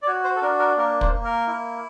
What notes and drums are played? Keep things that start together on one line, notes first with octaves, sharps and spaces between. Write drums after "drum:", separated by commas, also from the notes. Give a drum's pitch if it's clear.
D5
F#4 C#5
C5
A4
D4 A#4
A#4
A#3 A#4
C5, drum: kick
A#3
A#4
E4